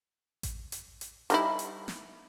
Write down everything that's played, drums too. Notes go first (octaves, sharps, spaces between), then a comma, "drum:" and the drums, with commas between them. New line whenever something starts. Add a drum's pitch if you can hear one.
drum: kick A1, hi-hat
drum: hi-hat
drum: hi-hat
G3 D#4 E4, drum: hi-hat
drum: hi-hat
drum: snare